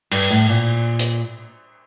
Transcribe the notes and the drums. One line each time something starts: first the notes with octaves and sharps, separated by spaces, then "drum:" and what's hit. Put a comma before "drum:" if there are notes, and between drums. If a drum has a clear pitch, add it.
G2, drum: cymbal
A2
A#2
drum: hi-hat